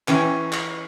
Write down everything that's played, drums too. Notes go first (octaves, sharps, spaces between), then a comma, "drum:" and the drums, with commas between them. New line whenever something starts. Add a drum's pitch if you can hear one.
E3 C#4 G5, drum: clap
drum: clap